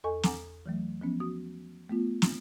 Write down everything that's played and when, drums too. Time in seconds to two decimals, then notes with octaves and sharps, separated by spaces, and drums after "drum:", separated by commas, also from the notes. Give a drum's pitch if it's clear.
0.04 E2 A4 D#5 G#5 C#6
0.23 F#5 G#5 A#5 D6, drum: snare
0.66 E3 F#3 A3
1.01 F3 B3 C#4
1.20 F#4 D#6
1.89 A3 B3 F4
2.22 drum: snare